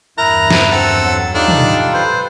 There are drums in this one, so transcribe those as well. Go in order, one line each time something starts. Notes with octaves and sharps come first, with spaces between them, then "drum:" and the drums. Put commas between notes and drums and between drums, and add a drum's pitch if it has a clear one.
E2 G2 E4 A#4 A#5 F#6
drum: snare
C4 A4 F#5
F#3
G3 D4 D#4 F4 A4
drum: tom
B4 C5